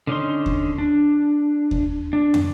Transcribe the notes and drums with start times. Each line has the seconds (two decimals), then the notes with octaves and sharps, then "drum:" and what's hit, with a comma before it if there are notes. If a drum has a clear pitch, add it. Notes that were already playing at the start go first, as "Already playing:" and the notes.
0.07 D3 C#4 D#4 C6
0.46 drum: kick D#2
0.78 D4
1.71 drum: kick D#2
2.13 D4
2.34 drum: tom